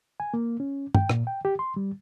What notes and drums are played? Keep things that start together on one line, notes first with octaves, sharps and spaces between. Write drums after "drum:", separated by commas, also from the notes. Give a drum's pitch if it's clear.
G#5
A#3
C#4
G5, drum: tom
A#2, drum: rim click
G5
G4
C6
G3